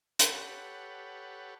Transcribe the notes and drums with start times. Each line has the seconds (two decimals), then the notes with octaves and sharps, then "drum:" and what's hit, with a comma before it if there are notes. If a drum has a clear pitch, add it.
0.19 G4 A4 B4 C#5 F#5, drum: hi-hat